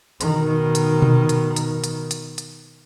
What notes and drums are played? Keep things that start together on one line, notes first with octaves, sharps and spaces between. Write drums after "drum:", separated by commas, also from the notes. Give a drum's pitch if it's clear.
B2 D#3, drum: hi-hat
drum: hi-hat
drum: tom B2
drum: hi-hat
drum: hi-hat
drum: hi-hat
drum: hi-hat
drum: hi-hat